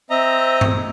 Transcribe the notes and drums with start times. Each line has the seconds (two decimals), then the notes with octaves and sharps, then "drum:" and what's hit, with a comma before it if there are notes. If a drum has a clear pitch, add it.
0.10 C4 D#5 E5 A#5
0.61 drum: tom G2